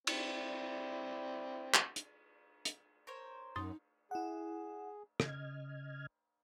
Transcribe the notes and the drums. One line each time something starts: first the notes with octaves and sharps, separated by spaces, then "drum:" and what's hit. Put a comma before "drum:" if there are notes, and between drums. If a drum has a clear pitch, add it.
C4 E4 D5, drum: cymbal
drum: clap
drum: hi-hat
drum: hi-hat
A#4 C5 C#5
F#2 D#4 C6 D#6 A6
E4 G#4 F#5
C#3 D#5 F6 G#6, drum: rim click